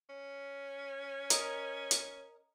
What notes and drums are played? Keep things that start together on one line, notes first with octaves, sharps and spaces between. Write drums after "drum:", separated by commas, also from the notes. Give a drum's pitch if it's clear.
C#4
A#4 D#5, drum: hi-hat
drum: hi-hat